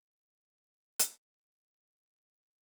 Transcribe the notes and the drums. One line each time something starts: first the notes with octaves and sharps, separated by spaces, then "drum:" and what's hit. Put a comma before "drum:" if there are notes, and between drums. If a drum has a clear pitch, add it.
E4
drum: hi-hat
C#4 D#4 A#6